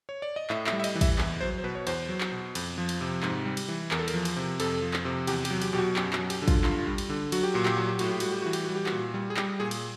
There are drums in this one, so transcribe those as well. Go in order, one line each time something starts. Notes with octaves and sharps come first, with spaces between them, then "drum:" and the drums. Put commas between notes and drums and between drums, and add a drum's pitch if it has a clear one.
C#5
D5
D#5
A2 E5, drum: clap
E5, drum: clap
G3
E5
D#5, drum: cymbal
E3
E5, drum: kick, cymbal
E2, drum: clap
F#3 C5
C5
B2 B4
C#5
E2 C5, drum: cymbal
F#3
drum: clap
B2
F2, drum: cymbal
F3
drum: cymbal
C3
G#2, drum: clap
G3
drum: cymbal
E3
E2 A#4, drum: clap
A4
A#4, drum: cymbal
F3
drum: cymbal
C3
F2 A4, drum: cymbal
F3
drum: clap
C3
E2 G4, drum: cymbal
G4, drum: cymbal
F#3
G4, drum: cymbal
B2 G4
F#4
F#2 G4, drum: clap
F#4, drum: clap
F#3
G4, drum: cymbal
D3
F4, drum: kick, cymbal
G2 F4, drum: clap
G3
drum: cymbal
D3
F#3 F#4, drum: cymbal
G4
A#2 F#4
G4, drum: clap
F#3 F#4
G4
A2 F#4, drum: cymbal
G4
G3 F#4, drum: cymbal
G4
E3 F#4
G4, drum: cymbal
G3 F#4
G4
F#4, drum: clap
A#2
G3
G#4
G3 G4, drum: clap
A#2 G#4
drum: cymbal